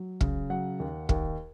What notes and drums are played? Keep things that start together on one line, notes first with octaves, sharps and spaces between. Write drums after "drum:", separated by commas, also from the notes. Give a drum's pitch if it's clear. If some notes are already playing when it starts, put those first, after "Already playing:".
Already playing: F#3
C#3, drum: kick
F#3 F#5
D#2
D#2, drum: kick